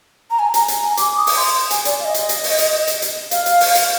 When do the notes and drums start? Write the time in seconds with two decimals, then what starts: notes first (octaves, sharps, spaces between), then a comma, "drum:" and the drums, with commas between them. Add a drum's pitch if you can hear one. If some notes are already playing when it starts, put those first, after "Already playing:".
0.31 A#5
0.39 G#5
0.54 A#5, drum: hi-hat
0.68 drum: hi-hat
0.83 G#5
0.97 D6, drum: hi-hat
1.17 D#6
1.27 drum: open hi-hat
1.37 C6
1.71 G#5, drum: hi-hat
1.85 D5, drum: hi-hat
2.00 F5
2.05 D#5
2.14 drum: hi-hat
2.29 drum: hi-hat
2.44 drum: open hi-hat
2.58 drum: hi-hat
2.87 drum: hi-hat
3.02 drum: hi-hat
3.31 F5, drum: hi-hat
3.46 drum: hi-hat
3.60 drum: open hi-hat
3.75 drum: hi-hat